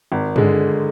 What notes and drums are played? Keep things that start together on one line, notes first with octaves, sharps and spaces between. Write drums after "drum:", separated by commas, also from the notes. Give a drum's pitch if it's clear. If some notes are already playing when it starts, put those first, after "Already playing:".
G#1
D3 G#3, drum: tom G2